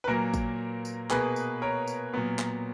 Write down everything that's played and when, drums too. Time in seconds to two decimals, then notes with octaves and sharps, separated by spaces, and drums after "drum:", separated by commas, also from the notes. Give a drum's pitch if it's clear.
0.04 B4
0.07 A#2 F#3 A#3 A#4
0.34 drum: kick G#1, tambourine
0.85 drum: tambourine
1.10 B2 A#3 G#4 B4, drum: clap
1.36 drum: tambourine
1.62 A#4 C#5
1.87 drum: tambourine
2.14 A#2 F#3 B3
2.39 drum: clap